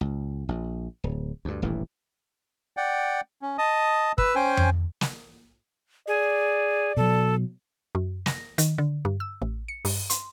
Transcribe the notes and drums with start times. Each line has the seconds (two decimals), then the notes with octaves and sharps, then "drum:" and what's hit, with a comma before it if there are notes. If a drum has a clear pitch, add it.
0.01 C#2
0.49 A#1
1.04 D1
1.45 D2 G2
1.62 D#1 A1 G2 E3
2.77 D5 F#5 G5
3.42 C#4
3.58 D#5 A5 D#6
4.18 B4 E6, drum: kick
4.35 C#4 C5 G5 G#5
4.57 drum: tom F2
5.01 drum: snare
6.08 G#4 D5
6.97 B2 F#3 A4
7.95 F#2
8.26 A#6, drum: snare
8.58 D#3, drum: hi-hat
8.78 D3
9.05 G2
9.20 E6
9.42 A1
9.68 C#7
9.85 G2, drum: open hi-hat
10.10 C6, drum: hi-hat